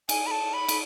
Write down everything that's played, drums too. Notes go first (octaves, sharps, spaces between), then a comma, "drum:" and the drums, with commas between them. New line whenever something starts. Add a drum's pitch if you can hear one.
G#5, drum: cymbal
B5
A5
B5
drum: cymbal